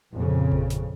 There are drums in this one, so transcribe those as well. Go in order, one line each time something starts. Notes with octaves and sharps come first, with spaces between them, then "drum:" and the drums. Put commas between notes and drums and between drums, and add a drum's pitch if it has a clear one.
F2 A#2 C#3
drum: kick G#1
drum: snare